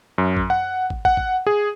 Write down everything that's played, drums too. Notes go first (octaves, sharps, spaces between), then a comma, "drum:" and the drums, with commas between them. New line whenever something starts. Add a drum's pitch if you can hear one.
F#2
drum: kick
F#5
drum: kick
F#5, drum: kick
drum: kick
G#4